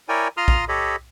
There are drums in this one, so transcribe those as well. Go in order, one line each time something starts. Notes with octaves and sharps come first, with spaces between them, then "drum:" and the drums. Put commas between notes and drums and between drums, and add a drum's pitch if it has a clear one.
E4 A#4 C#5 D5 G5 G#5
F4 A#5 C6 D#6 F6
drum: kick A#1
G4 A4 C#5 D#5 B5